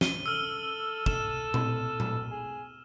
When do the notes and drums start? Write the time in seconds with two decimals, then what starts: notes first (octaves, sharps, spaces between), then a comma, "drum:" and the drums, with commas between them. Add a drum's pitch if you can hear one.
0.01 C#2 D#7 G7, drum: snare
0.26 A4 E6 F6
1.06 A4 E7, drum: kick
1.54 drum: tom A#2
2.00 drum: tom A#2
2.31 G#4